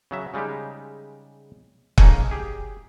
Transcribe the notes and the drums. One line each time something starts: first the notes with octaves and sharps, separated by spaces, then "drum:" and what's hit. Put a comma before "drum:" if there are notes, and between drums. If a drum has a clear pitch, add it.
C#3 F#3 E5
C#3 G3 G#3 D#4 G4
A#3 C#4 D#4 G#4 A4, drum: kick
G4 G#4